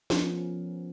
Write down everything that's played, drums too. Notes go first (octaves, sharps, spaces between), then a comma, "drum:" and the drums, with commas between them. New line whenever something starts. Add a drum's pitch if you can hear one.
F3 B3 C#4 A#4, drum: snare